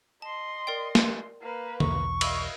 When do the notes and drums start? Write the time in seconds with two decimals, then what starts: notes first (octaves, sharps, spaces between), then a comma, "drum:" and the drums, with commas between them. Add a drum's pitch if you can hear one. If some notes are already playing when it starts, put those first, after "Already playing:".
0.22 D#5 A5 C6
0.67 A#4 D5 G5
0.95 drum: snare
1.41 A#3 B4
1.80 B1 E2 C#6, drum: tom D3
2.21 D#5 F5 B5 E6, drum: cymbal